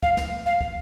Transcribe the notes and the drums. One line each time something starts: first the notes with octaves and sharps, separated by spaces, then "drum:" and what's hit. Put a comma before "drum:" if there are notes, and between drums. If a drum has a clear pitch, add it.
F5, drum: kick
drum: snare
F5
drum: kick